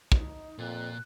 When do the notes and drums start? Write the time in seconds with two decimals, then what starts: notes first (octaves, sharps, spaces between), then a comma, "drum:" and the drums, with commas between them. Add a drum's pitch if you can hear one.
0.12 D#4, drum: kick
0.58 F2 A#2 F#6